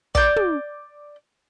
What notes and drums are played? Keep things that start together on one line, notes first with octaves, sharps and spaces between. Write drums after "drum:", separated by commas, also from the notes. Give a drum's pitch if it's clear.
D5 G6, drum: kick
drum: tom